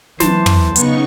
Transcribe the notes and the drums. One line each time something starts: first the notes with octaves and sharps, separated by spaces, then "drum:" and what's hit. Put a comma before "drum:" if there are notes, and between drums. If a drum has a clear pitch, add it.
E3 F#3 C5 A5, drum: snare
drum: tom
C#3 B3 D#4 C#6, drum: hi-hat